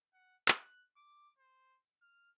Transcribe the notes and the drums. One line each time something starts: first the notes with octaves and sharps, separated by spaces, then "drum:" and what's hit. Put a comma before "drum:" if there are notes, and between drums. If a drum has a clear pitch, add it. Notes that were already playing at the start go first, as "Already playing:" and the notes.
F#5
F#6, drum: clap
D6
C5
F6